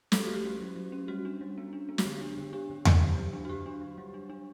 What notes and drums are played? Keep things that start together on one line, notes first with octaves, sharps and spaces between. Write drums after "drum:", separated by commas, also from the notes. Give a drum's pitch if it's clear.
F#3 A4, drum: snare
G4
A3 F#4
G4
C#4
F#3
F#3
C#4
G3 F#4
D4
G3
B3
D4
B3
F#4, drum: snare
D3 G4
D4
D3
D4 G4
D3
D3, drum: tom E2
F#3
F#3
D4
F#4
F#3 G4
D4
F#3
G3
D4
D4